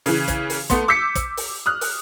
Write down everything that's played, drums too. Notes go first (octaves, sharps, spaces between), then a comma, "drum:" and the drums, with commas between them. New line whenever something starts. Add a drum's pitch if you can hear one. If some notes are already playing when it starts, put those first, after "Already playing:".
C#3 E3, drum: open hi-hat
drum: kick, hi-hat
drum: open hi-hat
A3 B3 C6, drum: kick, hi-hat
D6 E6 G6 B6 C#7
drum: kick, hi-hat
drum: open hi-hat
D#6 F6 F#6
drum: open hi-hat